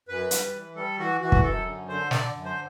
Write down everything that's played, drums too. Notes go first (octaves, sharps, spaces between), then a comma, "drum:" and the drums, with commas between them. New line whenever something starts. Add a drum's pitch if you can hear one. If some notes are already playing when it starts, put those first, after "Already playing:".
F#2 B4
G3, drum: hi-hat
E3
G3 A4
E3 F#4
E3 F#4
drum: kick
F#2 A4
D3
D3 C5
D3 D5, drum: snare
F#2
C5